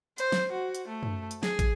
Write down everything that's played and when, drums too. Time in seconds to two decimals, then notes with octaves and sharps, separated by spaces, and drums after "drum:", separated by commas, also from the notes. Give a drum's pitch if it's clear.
0.18 C5, drum: hi-hat
0.32 drum: snare
0.52 F#4
0.75 drum: hi-hat
0.89 A3
1.03 drum: tom F#2
1.31 drum: hi-hat
1.43 G#4, drum: snare
1.59 drum: kick, hi-hat